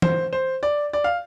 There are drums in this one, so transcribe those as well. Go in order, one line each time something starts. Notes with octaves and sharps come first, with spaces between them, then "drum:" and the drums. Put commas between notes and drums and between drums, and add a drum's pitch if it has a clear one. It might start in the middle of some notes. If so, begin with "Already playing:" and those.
C5, drum: tom E3
C5
D5
D5
F5